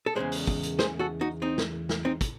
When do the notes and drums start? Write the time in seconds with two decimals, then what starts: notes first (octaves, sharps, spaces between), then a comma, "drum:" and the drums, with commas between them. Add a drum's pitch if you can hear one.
0.06 A4
0.15 E2 C#3 E3 G#3 G#4 C5
0.32 drum: open hi-hat
0.47 drum: kick
0.63 drum: hi-hat
0.79 G#4 C5, drum: snare
0.99 F#4 A4
1.21 D#4 F#4
1.42 C4 D#4
1.58 drum: snare
1.89 drum: snare
2.05 C4 D#4
2.21 drum: kick, hi-hat